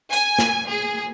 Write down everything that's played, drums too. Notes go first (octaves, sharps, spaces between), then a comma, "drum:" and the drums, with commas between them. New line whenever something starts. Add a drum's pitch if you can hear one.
G#5, drum: hi-hat
drum: snare
G#4